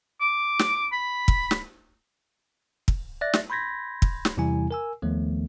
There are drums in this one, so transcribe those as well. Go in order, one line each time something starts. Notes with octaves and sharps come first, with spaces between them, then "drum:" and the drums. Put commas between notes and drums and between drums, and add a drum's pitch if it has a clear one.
D6
drum: snare
B5
drum: kick
drum: snare
drum: kick
D5 E5 F#6 A6 A#6
drum: snare
B5 C6 G6 G#6 A#6 B6
drum: kick
drum: snare
E2 C3 E3 G3 E4 G#5
A#4 G#5 E6
D#2 D#3 F3 A3 B3